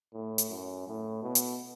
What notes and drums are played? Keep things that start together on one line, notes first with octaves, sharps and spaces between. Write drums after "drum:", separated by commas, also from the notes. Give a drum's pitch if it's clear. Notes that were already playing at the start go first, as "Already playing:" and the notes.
A2
drum: hi-hat
F#2
A2
B2
drum: hi-hat